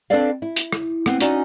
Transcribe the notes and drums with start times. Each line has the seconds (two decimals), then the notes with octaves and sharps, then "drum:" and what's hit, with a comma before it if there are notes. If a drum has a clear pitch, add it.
0.10 C4 D4 A4 B4 D5 F5
0.42 E4
0.56 drum: hi-hat
0.72 drum: rim click
1.06 B3 C4, drum: rim click
1.21 C#4 D#4 F#4 D5 G#5, drum: hi-hat